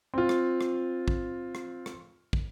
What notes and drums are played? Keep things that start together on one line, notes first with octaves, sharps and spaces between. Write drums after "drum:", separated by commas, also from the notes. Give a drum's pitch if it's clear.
C4 F4
drum: rim click
drum: rim click
drum: kick
drum: rim click
drum: rim click
drum: kick